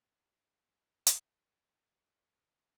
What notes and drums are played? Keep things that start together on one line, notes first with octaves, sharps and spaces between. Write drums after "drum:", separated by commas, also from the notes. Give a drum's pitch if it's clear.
D#3 C4
drum: hi-hat